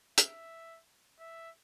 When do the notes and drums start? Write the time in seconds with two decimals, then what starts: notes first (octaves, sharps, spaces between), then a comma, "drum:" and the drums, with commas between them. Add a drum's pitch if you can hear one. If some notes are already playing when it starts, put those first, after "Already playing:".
0.17 E5, drum: hi-hat
1.19 E5